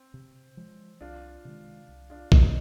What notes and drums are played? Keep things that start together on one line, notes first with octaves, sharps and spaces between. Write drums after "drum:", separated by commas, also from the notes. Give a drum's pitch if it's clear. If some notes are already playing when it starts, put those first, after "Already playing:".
Already playing: C4
C3
F3 G#3
C2 D4 F4
C3 D#3 G#3
C2
D4 F4
C3 D#3 G#3 C4 D#4, drum: kick A#1
D4